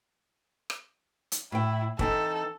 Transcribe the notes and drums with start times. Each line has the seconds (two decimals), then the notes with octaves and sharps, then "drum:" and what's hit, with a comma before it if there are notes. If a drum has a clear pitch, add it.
0.70 drum: rim click
1.32 drum: hi-hat
1.52 A2 E4 G5
1.99 E3 C4 D#4 A4, drum: kick